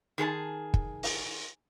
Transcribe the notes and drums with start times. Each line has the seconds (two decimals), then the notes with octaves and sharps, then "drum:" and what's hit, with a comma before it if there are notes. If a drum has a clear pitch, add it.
0.18 D#3 G#4 A#4 A5
0.74 drum: kick
1.03 drum: open hi-hat